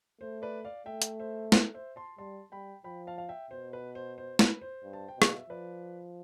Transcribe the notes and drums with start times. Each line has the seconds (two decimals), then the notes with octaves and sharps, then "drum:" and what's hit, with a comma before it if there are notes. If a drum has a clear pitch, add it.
0.20 A3 C5
0.42 B4 D5
0.65 D5 F5
0.86 A3 E5 G5
1.02 drum: hi-hat
1.20 C5 E5
1.52 drum: snare
1.74 C5 E5
1.96 A5 C6
2.18 G3 A5 C6
2.52 G3 G5 B5
2.84 F3 G5 B5
3.07 F5 A5
3.18 F5
3.29 E5 G5
3.51 B2 C5
3.73 B4
3.95 C5
4.18 C5
4.39 B4, drum: snare
4.61 C5
4.83 G2
4.93 A5
5.08 G5
5.16 B2
5.22 F5, drum: rim click
5.36 E5
5.50 F3 B4 D5